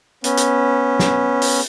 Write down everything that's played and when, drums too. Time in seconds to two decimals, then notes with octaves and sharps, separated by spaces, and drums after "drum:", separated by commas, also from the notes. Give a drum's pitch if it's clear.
0.24 B3 C#4, drum: hi-hat
0.37 drum: hi-hat
0.99 drum: snare
1.42 drum: open hi-hat